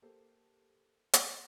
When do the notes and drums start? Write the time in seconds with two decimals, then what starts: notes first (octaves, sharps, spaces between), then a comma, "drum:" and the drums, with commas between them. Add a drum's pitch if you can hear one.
0.02 A#3 G4 A4 C5
1.13 drum: hi-hat